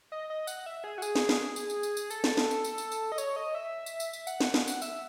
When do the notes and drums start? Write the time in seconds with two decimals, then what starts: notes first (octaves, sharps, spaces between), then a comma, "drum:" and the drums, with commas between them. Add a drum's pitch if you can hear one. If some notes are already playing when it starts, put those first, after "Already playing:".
0.12 D#5
0.30 D#5
0.47 F#5, drum: tambourine
0.66 E5
0.84 G#4
0.98 F#4
1.02 G#4, drum: tambourine
1.16 drum: snare
1.29 drum: snare
1.56 drum: tambourine
1.70 drum: tambourine
1.83 drum: tambourine
1.97 drum: tambourine
2.10 A4, drum: tambourine
2.24 drum: snare
2.37 drum: snare
2.51 drum: tambourine
2.64 drum: tambourine
2.78 drum: tambourine
2.92 drum: tambourine
3.12 D#5
3.18 C#5, drum: tambourine
3.36 D#5
3.55 E5
3.86 drum: tambourine
4.00 drum: tambourine
4.13 drum: tambourine
4.27 F#5, drum: tambourine
4.40 drum: snare
4.54 drum: snare
4.68 drum: tambourine
4.82 E5, drum: tambourine